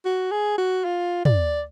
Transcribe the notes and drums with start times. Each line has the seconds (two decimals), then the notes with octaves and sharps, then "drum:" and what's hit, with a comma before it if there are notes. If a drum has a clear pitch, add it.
0.05 F#4
0.31 G#4
0.58 F#4
0.85 F4
1.25 D5, drum: tom